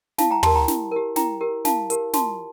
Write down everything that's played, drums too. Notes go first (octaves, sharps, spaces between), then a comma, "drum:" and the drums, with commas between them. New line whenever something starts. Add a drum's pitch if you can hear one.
E4 F5 A5, drum: snare
G5 A#5
G4 A#4 A5 C6, drum: tom
G5 A#5
E4, drum: snare
G4 A#4
E4 G5 A#5, drum: snare
G4 A#4
E4 F5 A5, drum: snare
G4 A#4, drum: hi-hat
F4 A5 C6, drum: snare